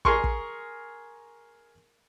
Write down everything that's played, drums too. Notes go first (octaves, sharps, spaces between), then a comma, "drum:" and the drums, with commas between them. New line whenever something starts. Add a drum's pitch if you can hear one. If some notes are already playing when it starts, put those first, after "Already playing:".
G#4 A#4 G#5 C6 C#6, drum: kick
drum: kick